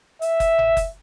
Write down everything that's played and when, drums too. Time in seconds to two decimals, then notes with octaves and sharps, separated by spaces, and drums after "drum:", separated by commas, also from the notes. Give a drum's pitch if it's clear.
0.22 E5, drum: hi-hat
0.40 drum: kick F#1, hi-hat
0.58 drum: tom G1
0.77 drum: kick F#1, hi-hat